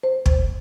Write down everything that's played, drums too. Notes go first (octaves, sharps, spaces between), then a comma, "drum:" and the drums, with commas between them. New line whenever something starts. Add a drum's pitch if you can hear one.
C5
drum: kick